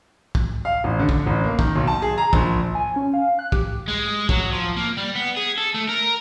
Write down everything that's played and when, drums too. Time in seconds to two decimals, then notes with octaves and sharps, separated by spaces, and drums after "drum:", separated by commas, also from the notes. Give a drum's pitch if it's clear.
0.35 drum: kick
0.65 F5
0.84 A1
0.99 D3
1.09 drum: kick
1.27 A1
1.44 A#3
1.59 D#3, drum: kick
1.75 B1
1.87 A5
2.02 G#4
2.18 A#5
2.33 A#1, drum: kick
2.75 G#5
2.96 C#4
3.13 F5
3.39 F#6
3.52 G4, drum: kick
3.88 G#3
4.29 F#3, drum: kick
4.52 F3
4.77 A#3
4.97 G3
5.15 B3
5.36 G#4
5.58 A4
5.75 A3
5.89 A#4